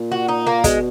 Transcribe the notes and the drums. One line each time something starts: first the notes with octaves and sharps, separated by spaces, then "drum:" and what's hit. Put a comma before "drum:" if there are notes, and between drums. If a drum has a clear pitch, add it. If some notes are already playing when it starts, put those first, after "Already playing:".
Already playing: A#2
F#4
D#4
A#3
B2 G#3, drum: kick, hi-hat